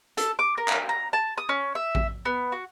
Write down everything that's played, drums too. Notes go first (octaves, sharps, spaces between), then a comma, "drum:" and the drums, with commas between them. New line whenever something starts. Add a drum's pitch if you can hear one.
A4, drum: hi-hat
D6
A#4
drum: clap
A#5
A5
D#6
C#4
E5
drum: kick A1
B3
F#4